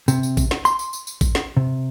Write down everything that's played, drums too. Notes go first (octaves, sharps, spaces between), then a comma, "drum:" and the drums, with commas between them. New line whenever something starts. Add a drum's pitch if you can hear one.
C3, drum: tambourine
drum: tambourine
drum: kick A1, tambourine
drum: snare
C6, drum: tambourine
drum: tambourine
drum: tambourine
drum: tambourine
drum: kick A1, tambourine
drum: snare
C3